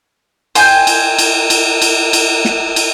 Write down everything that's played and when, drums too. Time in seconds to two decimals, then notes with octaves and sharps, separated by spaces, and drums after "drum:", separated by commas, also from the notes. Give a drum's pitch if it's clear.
0.55 C5 G5 G#5, drum: cymbal
0.87 drum: cymbal
1.19 drum: cymbal
1.50 drum: cymbal
1.82 drum: cymbal
2.13 drum: cymbal
2.45 drum: snare
2.76 drum: cymbal